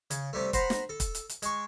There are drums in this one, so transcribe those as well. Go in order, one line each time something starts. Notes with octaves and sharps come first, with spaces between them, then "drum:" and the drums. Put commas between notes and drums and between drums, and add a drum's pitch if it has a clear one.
C#3, drum: hi-hat
C3 G3 A3
C5 F#5 A#5 B5, drum: kick, hi-hat
drum: snare
A4
drum: kick, hi-hat
drum: hi-hat
drum: hi-hat
G#3 C#6, drum: hi-hat